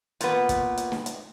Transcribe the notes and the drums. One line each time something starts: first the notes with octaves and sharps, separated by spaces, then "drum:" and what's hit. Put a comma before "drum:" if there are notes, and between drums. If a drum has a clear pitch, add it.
A#2 B3, drum: hi-hat
drum: kick, hi-hat
drum: hi-hat
drum: snare
drum: hi-hat